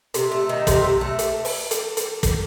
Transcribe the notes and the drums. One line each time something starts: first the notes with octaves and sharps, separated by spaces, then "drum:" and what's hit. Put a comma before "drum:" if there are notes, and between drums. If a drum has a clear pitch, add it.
C3, drum: hi-hat
A3
D#3
C3, drum: kick, hi-hat
C3
A3
drum: hi-hat
drum: open hi-hat
drum: hi-hat
drum: hi-hat
drum: kick, hi-hat